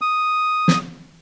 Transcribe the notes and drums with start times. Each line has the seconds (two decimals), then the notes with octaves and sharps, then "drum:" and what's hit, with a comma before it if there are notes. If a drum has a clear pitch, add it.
0.01 D#6
0.68 drum: snare